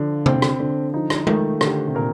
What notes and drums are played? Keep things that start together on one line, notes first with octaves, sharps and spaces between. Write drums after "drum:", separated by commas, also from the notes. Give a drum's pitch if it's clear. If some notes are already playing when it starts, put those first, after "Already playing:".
Already playing: D3 F3
C4, drum: tom C3
drum: rim click
D3
F3 D#4
drum: rim click
D#3 A3, drum: tom G#3
D3 G4, drum: rim click
C3
A#2 A#4